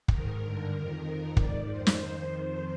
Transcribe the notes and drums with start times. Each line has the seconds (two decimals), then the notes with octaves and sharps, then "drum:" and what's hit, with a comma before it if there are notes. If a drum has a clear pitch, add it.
0.08 G#2 D#3 A#4, drum: kick
0.41 G2 D3
0.73 F2 D#3
1.05 F2 D#3 A#4
1.37 G#2 D#3 D5, drum: kick
1.69 F2 D#3 C5
1.87 drum: snare